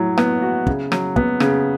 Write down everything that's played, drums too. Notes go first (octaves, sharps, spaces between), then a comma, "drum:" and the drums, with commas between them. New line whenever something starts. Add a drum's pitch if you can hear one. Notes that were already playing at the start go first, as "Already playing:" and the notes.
Already playing: A2 F#3
B3, drum: rim click
F#4
C#3, drum: kick
F#3, drum: rim click
B3, drum: kick
C#3, drum: rim click